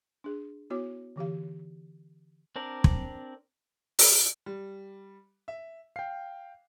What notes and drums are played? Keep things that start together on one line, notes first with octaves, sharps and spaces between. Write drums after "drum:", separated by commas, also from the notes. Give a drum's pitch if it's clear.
D4 G#4
B3 E4 F#4 C#5 D6
D3 E3 G4 F5
C4 D4 A#4 D5
drum: kick
drum: open hi-hat
G3
E5
F5 G5 C7